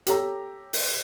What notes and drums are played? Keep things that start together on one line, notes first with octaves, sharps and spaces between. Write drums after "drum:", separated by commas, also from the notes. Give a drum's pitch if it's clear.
G4 A4 C#5 A#5, drum: hi-hat
drum: open hi-hat